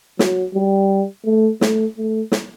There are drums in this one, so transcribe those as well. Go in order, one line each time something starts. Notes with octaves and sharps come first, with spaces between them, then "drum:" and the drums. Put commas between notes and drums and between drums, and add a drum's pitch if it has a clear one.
F#3, drum: snare
G3
A3
A3, drum: snare
A3
drum: snare